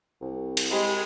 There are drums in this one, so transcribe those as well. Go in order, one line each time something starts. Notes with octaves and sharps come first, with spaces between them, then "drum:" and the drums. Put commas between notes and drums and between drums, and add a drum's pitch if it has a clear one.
C2
drum: cymbal
G#3 G4 C5 B5